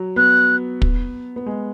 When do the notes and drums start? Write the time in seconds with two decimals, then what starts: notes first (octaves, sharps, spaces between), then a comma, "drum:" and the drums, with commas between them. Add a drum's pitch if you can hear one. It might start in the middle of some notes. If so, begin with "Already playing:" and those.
Already playing: F#3
0.16 B3 F#6
0.82 drum: kick
1.36 B3
1.46 G#3